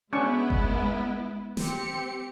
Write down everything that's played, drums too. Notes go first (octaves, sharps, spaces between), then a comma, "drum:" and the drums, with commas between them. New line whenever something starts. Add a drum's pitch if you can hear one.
G#3 B3 C#4 D4 E4 C#6
drum: kick G1
C4 G4 C#7, drum: snare